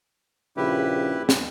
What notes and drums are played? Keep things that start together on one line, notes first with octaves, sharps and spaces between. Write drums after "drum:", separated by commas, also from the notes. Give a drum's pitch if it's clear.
A#1 C#3 E4 G4 B4
drum: snare